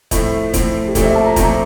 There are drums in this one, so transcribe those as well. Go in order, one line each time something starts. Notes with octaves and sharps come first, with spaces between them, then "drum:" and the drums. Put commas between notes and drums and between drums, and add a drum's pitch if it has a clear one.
A2 F3 A3 C4 E5, drum: kick E1, hi-hat
A2 F3 A3 C4, drum: kick E1, hi-hat
G4
A#2 F3 A3 C4 A4, drum: kick E1, hi-hat
E5
A5
A#5
A#2 F3 A3 C4 A#5, drum: kick E1, hi-hat